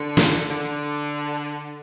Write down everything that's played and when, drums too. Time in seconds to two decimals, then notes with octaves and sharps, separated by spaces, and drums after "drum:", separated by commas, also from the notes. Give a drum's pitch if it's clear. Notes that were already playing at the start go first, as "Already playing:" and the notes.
Already playing: D3
0.17 drum: snare
0.50 D3